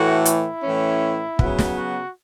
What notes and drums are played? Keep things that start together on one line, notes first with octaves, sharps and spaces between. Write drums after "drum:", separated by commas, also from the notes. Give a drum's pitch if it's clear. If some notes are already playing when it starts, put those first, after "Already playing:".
Already playing: A2 E3 A3 F#4
E4, drum: hi-hat
A2 E3 C#4
C#3 F#3 B3, drum: kick
drum: snare
F#4